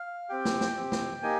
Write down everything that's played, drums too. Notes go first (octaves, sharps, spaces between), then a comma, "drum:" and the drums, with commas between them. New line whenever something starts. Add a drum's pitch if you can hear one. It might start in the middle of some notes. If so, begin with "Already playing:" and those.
Already playing: F5
C4 G4 G5
drum: snare
drum: snare
C4 G4
drum: snare
A#3 D#4 G4 G#5